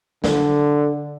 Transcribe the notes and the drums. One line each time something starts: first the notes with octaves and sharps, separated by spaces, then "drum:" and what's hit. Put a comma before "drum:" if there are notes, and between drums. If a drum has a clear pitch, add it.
D3, drum: snare